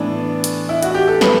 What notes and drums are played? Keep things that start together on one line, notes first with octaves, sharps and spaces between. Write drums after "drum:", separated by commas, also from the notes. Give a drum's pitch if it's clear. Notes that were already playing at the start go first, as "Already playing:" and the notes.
Already playing: A2 E3 B3 D4
drum: hi-hat
E4
F#4, drum: hi-hat
G4
A4
B4, drum: snare